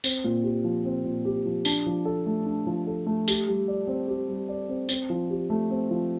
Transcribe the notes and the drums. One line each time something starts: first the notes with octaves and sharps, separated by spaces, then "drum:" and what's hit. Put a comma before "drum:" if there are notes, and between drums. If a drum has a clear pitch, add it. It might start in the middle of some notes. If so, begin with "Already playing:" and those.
C4, drum: tambourine
A#2
G4
F3
C4
A#2
G4
F3
D4, drum: tambourine
F3
A4
A3
D4
F3
A4
A3
G4, drum: tambourine
G3
D5
C4
G4
G3
D5
C4
C4, drum: tambourine
F3
G4
A3
C4
F3